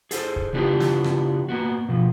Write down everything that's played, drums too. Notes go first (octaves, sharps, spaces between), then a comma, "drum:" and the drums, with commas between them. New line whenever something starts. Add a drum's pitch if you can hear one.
G#4 A4 C5, drum: hi-hat
drum: kick
C#3 E3 B3 D4 F4 G4
drum: snare
drum: rim click
A#3 B3 F#4
B2 F3